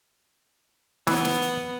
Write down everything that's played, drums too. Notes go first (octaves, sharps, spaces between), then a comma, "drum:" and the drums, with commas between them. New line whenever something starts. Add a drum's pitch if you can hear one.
E3 B3, drum: snare
drum: snare
drum: hi-hat